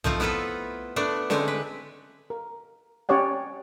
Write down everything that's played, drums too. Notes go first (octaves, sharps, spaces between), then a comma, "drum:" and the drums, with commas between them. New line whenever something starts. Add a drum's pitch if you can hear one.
F3 A3 C4 D#4 F4 F5, drum: tom B1
B3 E4 F4 A4 B4
A3 B3 D4
D3 G#3 A3 C4, drum: snare C#4
B4
A#4
C#4 G4 C#5 D5 F#5